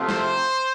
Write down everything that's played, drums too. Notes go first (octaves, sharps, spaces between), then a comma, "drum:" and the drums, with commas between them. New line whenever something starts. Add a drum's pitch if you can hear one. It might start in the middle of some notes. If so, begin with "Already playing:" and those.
Already playing: C3 F3 A3
C5, drum: snare